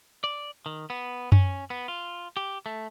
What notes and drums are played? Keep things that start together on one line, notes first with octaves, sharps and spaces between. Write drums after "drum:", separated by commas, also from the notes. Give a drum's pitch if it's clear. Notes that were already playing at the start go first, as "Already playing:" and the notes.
D5
D#3
B3
C#4, drum: tom F#2
B3
F4
G4
A3